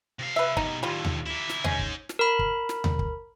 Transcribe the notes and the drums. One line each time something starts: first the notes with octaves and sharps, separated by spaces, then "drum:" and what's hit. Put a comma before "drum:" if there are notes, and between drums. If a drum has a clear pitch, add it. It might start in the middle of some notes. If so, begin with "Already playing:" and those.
C3 F5
B4 E5
B2 G3 D#4, drum: kick
D#2 A2 G3 F4
drum: tom D#2
A#3 E4
drum: snare
G#3 C#4 D#4 G#4, drum: tom D#2
drum: kick
drum: snare
A#4 B5
drum: kick
drum: snare
drum: tom D#2
drum: kick